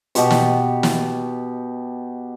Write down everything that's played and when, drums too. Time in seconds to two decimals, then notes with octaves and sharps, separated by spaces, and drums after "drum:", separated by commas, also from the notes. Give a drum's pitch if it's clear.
0.15 B2 G4 C#6, drum: hi-hat
0.31 drum: snare
0.83 drum: snare